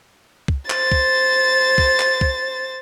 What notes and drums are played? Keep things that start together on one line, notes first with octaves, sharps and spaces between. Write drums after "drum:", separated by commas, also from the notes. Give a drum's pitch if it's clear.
drum: kick
C5 A6, drum: clap
drum: kick
drum: kick
drum: clap
drum: kick